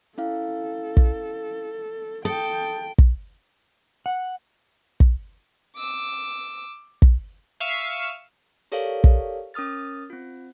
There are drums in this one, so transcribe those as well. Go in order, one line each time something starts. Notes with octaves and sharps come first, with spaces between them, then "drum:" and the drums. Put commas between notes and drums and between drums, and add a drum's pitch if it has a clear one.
C#4 E4 A4 F5
drum: kick
A4 G5 D#6
drum: kick
F#5
drum: kick
D6 E6
drum: kick
E5 F5 C#6 E6 D#7
G4 A4 A#4 C#5 D5 F5
drum: kick
C#4 A#4 D#6 F6 A6
C4 F4